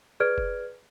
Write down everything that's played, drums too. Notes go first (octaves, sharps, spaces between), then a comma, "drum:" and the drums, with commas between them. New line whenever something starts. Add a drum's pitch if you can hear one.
G#4 B4 D5 F6 G#6 D7
drum: kick F1